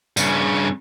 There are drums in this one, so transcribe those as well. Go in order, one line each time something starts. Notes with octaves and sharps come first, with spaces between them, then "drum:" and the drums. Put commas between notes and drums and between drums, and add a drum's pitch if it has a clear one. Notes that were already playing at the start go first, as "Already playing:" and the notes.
G2 C#3, drum: tambourine